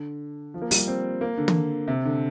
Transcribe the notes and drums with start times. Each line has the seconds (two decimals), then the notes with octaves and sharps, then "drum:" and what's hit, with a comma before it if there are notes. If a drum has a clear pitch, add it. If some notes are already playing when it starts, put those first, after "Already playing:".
Already playing: D3
0.54 F3
0.62 A#3
0.71 G3, drum: open hi-hat
0.87 C4
1.21 A#3
1.38 D3
1.48 drum: tom
1.87 C3
2.05 D3